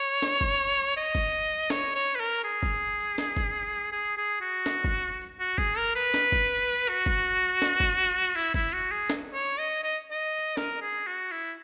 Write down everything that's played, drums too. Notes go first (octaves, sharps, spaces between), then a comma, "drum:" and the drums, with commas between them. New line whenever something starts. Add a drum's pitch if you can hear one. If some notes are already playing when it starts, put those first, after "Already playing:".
Already playing: C#5
drum: snare
drum: kick, tambourine
drum: tambourine
D#5
drum: kick, tambourine
drum: tambourine
C#5, drum: snare
C#5
B4
A#4
G#4
drum: kick, tambourine
drum: tambourine
drum: snare
drum: kick, tambourine
drum: tambourine
G#4
G#4
F#4
drum: snare
drum: kick, tambourine
drum: tambourine
F#4
G#4, drum: kick, tambourine
A#4
B4, drum: tambourine
drum: snare
drum: kick, tambourine
drum: tambourine
F#4
drum: kick, tambourine
drum: tambourine
drum: snare
drum: kick, tambourine
drum: tambourine
E4
E4, drum: kick, tambourine
F#4
G#4, drum: tambourine
drum: snare
C#5
D#5
D#5
D#5
drum: tambourine
A#4, drum: snare
G#4
F#4
E4